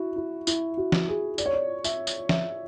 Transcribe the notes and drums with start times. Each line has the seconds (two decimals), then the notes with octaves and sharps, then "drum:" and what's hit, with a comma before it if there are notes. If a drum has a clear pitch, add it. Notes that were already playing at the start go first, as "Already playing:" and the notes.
Already playing: E4 F#4
0.16 E4
0.47 E4, drum: tambourine
0.77 F#4
0.92 drum: snare
1.08 G#4
1.38 D5, drum: tambourine
1.46 C#5
1.53 D5
1.84 E5, drum: tambourine
2.07 drum: tambourine
2.29 E5, drum: snare